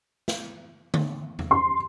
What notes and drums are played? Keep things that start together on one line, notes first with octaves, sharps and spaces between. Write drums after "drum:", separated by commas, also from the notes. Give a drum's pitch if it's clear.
drum: snare
drum: tom D3
drum: tom
C6